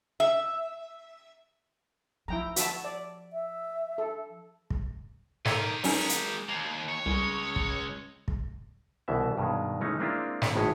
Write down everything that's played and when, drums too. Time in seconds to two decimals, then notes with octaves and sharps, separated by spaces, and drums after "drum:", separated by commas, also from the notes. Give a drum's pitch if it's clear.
0.20 E5
2.28 F3 E4 G5 A#5
2.56 F#4 E5 A5, drum: hi-hat
2.84 D5
3.33 E5
3.98 A4
4.70 drum: kick
5.45 D#3 G4 A4 A#4 D#5 G#6, drum: snare
5.84 F#3 G#3 C#4 D#4 A#4, drum: open hi-hat
6.09 drum: hi-hat
6.49 D#2 D#3 A#3
6.89 C#5
7.06 C2 C#3 G#3
7.56 drum: kick
8.28 drum: kick
9.08 C2 B2 E3 E5
9.38 G2 B2 D#3 G#3
9.81 E3 G#3 A3 C#4 D#4
9.99 G#3 A#3 C4 D4 E4 F4
10.42 drum: snare
10.55 G#1 A2 G#3 G#4 B4 C#5